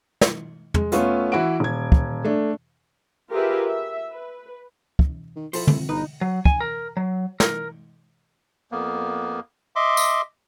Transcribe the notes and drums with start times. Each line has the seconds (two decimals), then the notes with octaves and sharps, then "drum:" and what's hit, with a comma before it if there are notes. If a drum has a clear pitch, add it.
0.21 drum: snare
0.74 G#3, drum: tom E2
0.92 A3 B3 C#4 F4 A4, drum: hi-hat
1.32 E3 E4 F#4 F#5 D7
1.60 D#1 G#6
1.92 drum: kick
2.25 A3 D4
3.30 F4 G4 G#4 A#4 B4 E5
3.66 E5
4.12 B4
4.99 drum: kick
5.36 D#3
5.53 F3 E4 A4 C5, drum: open hi-hat
5.67 F2, drum: tom
5.89 G1 D#4 B4
6.21 F#3
6.45 G#5, drum: kick
6.60 A#4
6.97 F#3
7.40 A#4, drum: snare
8.72 F2 A#3 B3
9.76 D#5 E5 C6 D6
9.97 drum: tambourine